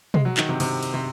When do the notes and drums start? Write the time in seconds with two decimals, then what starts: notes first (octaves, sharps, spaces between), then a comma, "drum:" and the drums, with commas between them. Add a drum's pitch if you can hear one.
0.14 G#3, drum: tom
0.25 F#3
0.37 D#3, drum: clap
0.49 C3
0.60 C3, drum: cymbal
0.83 drum: cymbal
0.94 C3